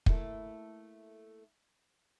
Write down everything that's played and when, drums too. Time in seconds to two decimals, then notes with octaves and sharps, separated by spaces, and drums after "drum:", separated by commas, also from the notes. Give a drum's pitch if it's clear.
0.06 A3 A#3 E4 A4, drum: kick